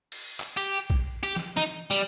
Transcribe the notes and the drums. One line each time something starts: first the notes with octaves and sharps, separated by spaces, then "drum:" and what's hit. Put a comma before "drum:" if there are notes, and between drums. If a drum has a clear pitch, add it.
drum: cymbal
drum: clap
G4
drum: kick A#1
G4
drum: snare
D#4, drum: snare
G3